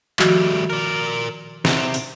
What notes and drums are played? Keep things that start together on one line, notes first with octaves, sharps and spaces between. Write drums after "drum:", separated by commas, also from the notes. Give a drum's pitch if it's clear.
D#3 F3 G3 A3 F#4, drum: clap
A#4 D5
C3, drum: snare
drum: open hi-hat